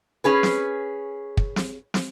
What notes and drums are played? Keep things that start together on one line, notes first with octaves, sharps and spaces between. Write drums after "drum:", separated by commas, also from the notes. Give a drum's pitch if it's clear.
C#4 G#4 B4
drum: snare
drum: kick
drum: snare
drum: snare